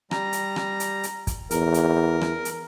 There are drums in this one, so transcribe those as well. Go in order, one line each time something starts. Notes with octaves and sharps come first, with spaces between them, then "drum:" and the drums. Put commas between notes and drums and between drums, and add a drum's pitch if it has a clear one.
G3 A#5, drum: rim click
drum: hi-hat
drum: rim click
drum: hi-hat
drum: hi-hat
drum: kick, hi-hat
E2 A#4, drum: hi-hat
drum: hi-hat
drum: rim click
drum: hi-hat